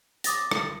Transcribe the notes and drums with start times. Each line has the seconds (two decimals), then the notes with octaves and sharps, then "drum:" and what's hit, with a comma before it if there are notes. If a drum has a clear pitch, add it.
0.24 D6 D#6 A6 A#6, drum: hi-hat
0.51 drum: rim click